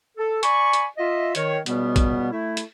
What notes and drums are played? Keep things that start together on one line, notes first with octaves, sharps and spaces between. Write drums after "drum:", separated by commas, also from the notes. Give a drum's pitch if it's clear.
A4
D5 G#5 B5 C#6, drum: hi-hat
drum: hi-hat
F4 D#5 E5
D#3 C#5, drum: hi-hat
C#2 B2 G3 B3, drum: hi-hat
drum: kick, hi-hat
A3 E4
drum: hi-hat